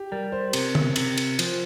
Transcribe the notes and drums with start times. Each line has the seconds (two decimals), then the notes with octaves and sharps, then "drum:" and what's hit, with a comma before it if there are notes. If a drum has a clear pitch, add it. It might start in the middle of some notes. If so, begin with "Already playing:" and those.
Already playing: G4
0.11 G3 A#4
0.32 C5
0.53 C3 A#4, drum: cymbal
0.75 drum: tom D3
0.96 C3, drum: cymbal
1.17 drum: cymbal
1.39 F3, drum: cymbal